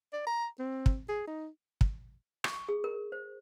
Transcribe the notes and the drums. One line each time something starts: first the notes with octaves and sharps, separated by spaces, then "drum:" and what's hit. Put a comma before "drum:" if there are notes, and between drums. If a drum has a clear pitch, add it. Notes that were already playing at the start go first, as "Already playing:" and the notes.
D5
A#5
C4
drum: kick
G#4
D#4
drum: kick
C#6, drum: rim click
G#4
A#4
C5